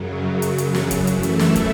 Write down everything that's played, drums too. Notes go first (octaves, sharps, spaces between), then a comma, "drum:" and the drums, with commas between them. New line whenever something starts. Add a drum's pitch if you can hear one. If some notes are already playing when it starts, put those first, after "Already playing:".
Already playing: F#2 C#3 F#3
drum: hi-hat
drum: hi-hat
drum: snare
drum: kick, hi-hat
F#2 E3 A3 E4, drum: hi-hat
drum: hi-hat
drum: snare
drum: kick, hi-hat